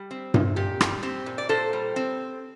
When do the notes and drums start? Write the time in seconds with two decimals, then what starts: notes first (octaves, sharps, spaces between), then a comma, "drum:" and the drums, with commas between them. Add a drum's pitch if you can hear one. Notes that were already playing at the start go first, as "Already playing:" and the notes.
Already playing: G3
0.11 C4
0.34 A#2, drum: tom G2
0.56 A#2 G4
0.81 G3, drum: rim click
1.03 C4 G4
1.26 A#2
1.38 D5
1.49 A#2 A4 C5
1.73 G3
1.96 C4